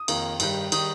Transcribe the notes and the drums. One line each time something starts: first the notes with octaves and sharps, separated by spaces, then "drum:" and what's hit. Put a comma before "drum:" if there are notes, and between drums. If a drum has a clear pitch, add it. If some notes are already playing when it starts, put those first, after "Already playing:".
Already playing: D#6
F2 D#3 A#3, drum: cymbal
G2 D#3 G3, drum: cymbal
D#3 G3 D#6, drum: cymbal